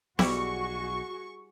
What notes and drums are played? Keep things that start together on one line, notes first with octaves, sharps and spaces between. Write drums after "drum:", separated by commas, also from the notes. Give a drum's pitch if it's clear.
B1 G3 E4 F#4 G#4 C#6, drum: snare B3